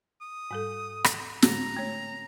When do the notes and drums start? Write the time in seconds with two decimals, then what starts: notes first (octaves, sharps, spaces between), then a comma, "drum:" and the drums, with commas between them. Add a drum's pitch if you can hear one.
0.21 D#6
0.51 G#2 G3 A4
1.04 drum: rim click
1.42 A2 D3 G#3 A#5, drum: snare
1.77 A3 C#5